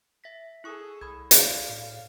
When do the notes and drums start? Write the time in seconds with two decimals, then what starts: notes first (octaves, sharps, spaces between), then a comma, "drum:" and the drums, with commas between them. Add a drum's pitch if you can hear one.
0.24 E5 A#6 B6
0.64 E4 G#4 A4 C#6 D#6
1.01 C2 B5 D#6 G#6
1.31 F#4 A4 D5 F5, drum: hi-hat
1.69 A2